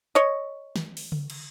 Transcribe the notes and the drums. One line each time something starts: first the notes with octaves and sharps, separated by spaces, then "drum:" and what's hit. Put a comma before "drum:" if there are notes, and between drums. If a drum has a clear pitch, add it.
C#5 D#5
drum: snare
drum: open hi-hat
drum: tom C#3
drum: cymbal